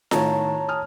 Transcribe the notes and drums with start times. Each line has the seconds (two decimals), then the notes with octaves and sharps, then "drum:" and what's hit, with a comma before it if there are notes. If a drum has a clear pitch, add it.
0.11 A2 D#3 C#5 A5 A#5, drum: snare F4
0.68 G#5 D#6 F6